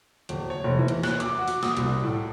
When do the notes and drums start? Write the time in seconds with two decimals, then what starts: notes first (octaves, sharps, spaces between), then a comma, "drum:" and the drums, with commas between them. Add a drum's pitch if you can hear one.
0.29 D1, drum: hi-hat
0.50 C#5
0.64 F1
0.79 E3
0.88 drum: hi-hat
1.03 F#6, drum: snare
1.20 D6, drum: hi-hat
1.38 F#4
1.48 drum: open hi-hat
1.63 D#6, drum: snare
1.77 C2, drum: hi-hat
2.03 A2